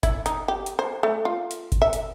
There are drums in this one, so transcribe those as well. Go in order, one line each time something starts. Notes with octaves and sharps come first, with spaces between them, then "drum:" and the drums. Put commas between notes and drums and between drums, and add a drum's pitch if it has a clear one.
E4, drum: kick G1, hi-hat
D#4, drum: hi-hat
G4
drum: hi-hat
C5
A3
F4
drum: hi-hat
drum: kick G1, hi-hat
E5
drum: hi-hat